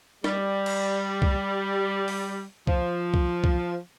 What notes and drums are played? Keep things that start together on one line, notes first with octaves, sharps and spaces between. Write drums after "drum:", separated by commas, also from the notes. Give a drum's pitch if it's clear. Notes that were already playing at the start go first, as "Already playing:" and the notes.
G3, drum: snare
drum: cymbal
drum: kick C2
drum: open hi-hat
F3, drum: kick C2
drum: kick C2
drum: kick C2